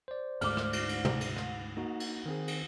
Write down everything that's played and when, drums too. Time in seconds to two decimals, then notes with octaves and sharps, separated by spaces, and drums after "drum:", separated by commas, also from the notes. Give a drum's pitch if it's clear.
0.08 C5 D5
0.41 D2 G#2 A3 D6 F6, drum: cymbal
0.57 drum: rim click
0.73 drum: cymbal
0.89 drum: cymbal
1.05 drum: tom
1.21 drum: cymbal
1.37 drum: rim click
1.77 A#3 D#4 F#4
2.00 drum: cymbal
2.26 D#3 C4 G#4
2.48 drum: cymbal